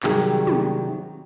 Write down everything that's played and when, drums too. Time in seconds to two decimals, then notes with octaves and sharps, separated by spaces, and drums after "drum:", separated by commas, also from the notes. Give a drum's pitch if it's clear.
0.03 C3 D#3 F#3 G3 G4 G#4, drum: clap
0.47 drum: tom